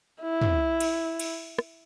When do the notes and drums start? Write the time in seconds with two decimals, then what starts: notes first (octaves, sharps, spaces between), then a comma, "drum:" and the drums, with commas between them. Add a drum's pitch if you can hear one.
0.22 E4
0.41 drum: tom
0.80 drum: cymbal
1.20 drum: cymbal
1.59 drum: rim click